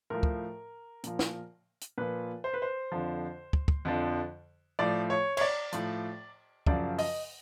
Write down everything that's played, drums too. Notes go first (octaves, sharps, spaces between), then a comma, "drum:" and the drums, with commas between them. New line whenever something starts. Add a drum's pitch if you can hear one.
A2 F3 A#4
drum: kick
A#2 F3, drum: hi-hat
drum: snare
drum: hi-hat
A#2 F3 B4
C5
B4
C5
F2 D3 F3
drum: kick
drum: kick
F2 D3 F3
A2 F3 D5
C#5
C#5, drum: cymbal
D5
A2 F3, drum: hi-hat
F#2 C#3 F3 D5, drum: kick
D#5, drum: open hi-hat